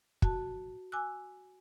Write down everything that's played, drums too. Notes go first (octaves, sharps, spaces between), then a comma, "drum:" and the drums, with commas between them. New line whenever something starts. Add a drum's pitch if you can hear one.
F#4 A5, drum: kick
G#5 D6 E6 F#6